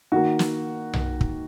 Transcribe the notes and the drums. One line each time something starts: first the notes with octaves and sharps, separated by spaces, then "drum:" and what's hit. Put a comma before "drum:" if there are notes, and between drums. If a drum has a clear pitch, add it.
D#3 A#3 F#4
drum: snare
drum: tom B1
drum: kick